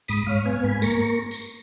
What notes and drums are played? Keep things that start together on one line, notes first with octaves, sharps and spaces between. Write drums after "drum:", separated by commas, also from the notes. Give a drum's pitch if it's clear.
G#2 B5 D#6, drum: tambourine
G#2 C#5 F5
B3 F5 G#5
G#2 G#5 B5
A#3 A#5 C#6, drum: tambourine
A#5 C#6
drum: tambourine